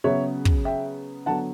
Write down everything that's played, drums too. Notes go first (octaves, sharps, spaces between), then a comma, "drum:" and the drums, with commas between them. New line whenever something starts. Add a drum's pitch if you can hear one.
C#3 F#3 B3 C#5 E5
drum: kick
E5 G5
D3 F#3 B3 F#5 A5